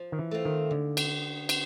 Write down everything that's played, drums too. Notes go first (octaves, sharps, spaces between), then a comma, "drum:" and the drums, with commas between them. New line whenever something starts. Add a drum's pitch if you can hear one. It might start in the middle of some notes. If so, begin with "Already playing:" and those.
Already playing: F3
D#3
E3
A3 C4 F4
D#3
D#2 D3
drum: cymbal
drum: cymbal